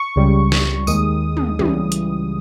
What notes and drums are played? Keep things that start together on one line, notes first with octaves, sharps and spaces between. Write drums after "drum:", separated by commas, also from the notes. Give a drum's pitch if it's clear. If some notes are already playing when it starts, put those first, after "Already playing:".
Already playing: C#6
C#2 C#3 G3
drum: snare
D#2 D#3 G#3 D#6, drum: tambourine
drum: tom
C#2 C#3 E3 G3, drum: tom
drum: hi-hat